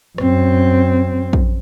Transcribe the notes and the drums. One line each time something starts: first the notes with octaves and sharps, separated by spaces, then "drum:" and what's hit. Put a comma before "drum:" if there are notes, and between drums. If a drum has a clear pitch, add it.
F#2 C4, drum: rim click
drum: kick